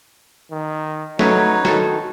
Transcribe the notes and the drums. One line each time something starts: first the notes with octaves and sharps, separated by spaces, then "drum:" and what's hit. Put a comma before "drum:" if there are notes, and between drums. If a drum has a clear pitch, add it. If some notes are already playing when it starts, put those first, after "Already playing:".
D#3
F#3 A3 C#4 D#4 B4 C#5, drum: snare
D#3 F#4 A4, drum: snare